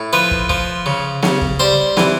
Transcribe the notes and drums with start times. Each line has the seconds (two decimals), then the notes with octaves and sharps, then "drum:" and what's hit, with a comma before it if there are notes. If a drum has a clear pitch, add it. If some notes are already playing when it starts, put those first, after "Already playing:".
Already playing: A2
0.13 F3 B4
0.31 drum: kick
0.50 F3, drum: kick
0.86 C#3
1.23 C#3, drum: snare
1.41 drum: kick
1.60 G3 C5
1.97 E3, drum: snare